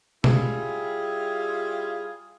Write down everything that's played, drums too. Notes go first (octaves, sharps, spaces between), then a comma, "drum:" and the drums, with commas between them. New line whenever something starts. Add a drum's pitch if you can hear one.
G3 E4 F4 G#4, drum: tom B2